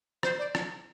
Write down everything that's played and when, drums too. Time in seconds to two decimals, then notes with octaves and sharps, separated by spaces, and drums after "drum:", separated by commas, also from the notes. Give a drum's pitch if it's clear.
0.23 C5, drum: rim click
0.39 D5
0.55 drum: rim click